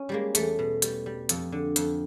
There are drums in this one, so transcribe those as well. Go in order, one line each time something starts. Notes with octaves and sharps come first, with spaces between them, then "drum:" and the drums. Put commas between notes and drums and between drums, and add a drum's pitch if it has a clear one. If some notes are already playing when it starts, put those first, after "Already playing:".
Already playing: C#4
G3 G#3 A#3
E2 A3, drum: hi-hat
B2
G3, drum: hi-hat
G3
F2, drum: hi-hat
D3
F2, drum: hi-hat